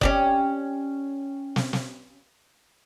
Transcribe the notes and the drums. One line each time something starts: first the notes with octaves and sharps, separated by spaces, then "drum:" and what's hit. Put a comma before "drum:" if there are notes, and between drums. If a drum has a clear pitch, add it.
C#4 G4 D5, drum: kick F#1
drum: snare
drum: snare